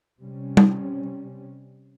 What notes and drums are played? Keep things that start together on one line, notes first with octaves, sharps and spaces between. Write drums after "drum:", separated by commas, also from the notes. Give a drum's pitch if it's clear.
C3 G3 C#4
drum: tom G3